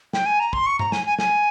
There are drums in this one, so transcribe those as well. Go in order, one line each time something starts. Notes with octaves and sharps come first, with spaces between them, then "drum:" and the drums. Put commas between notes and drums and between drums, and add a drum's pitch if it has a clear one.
G5, drum: snare
G#5
A#5
C6, drum: kick
C#6
A#5, drum: tom G2
G#5, drum: snare
G#5
G#5, drum: snare